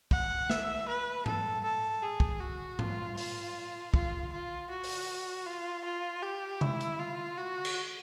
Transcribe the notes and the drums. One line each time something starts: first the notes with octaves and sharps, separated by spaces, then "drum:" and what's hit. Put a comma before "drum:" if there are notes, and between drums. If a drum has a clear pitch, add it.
F#5, drum: kick
E5, drum: snare
B4
A4, drum: tom G#2
A4
G#4
drum: kick
F#4
F4, drum: tom G#2
F4, drum: open hi-hat
F4, drum: kick
F4
F#4
drum: open hi-hat
F4
F4
G4
E4, drum: tom C3
drum: hi-hat
F4
F#4
drum: cymbal